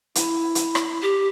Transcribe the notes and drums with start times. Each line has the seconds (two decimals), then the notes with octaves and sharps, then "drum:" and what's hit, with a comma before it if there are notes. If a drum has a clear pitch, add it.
0.15 E4, drum: hi-hat
0.55 drum: hi-hat
0.75 drum: rim click
1.02 G4